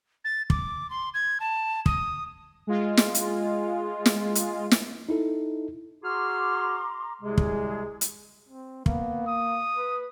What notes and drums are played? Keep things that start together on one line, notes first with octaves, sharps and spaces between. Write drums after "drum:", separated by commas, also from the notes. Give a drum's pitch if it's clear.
A6
D6, drum: kick
C6
G#6
A5
D#6, drum: kick
G#3 F4
drum: snare
drum: hi-hat
drum: snare
drum: hi-hat
drum: snare
D#4 E4 A4
F#4 G#4 A#5 C6 D6 F6
C2 C3 G#3 G#4
drum: kick
drum: hi-hat
C4
A#3 B3, drum: kick
D#6
B4